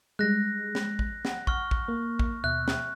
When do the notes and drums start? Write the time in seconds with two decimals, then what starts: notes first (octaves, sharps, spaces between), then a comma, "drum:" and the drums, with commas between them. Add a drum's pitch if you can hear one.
0.19 G3 G#3 F#6 A#6
0.75 drum: snare
0.99 drum: kick
1.25 F#5, drum: snare
1.47 C#6 F6, drum: kick
1.71 drum: kick
1.88 A#3
2.19 drum: kick
2.44 D#2 B2 E5 F#6
2.68 drum: snare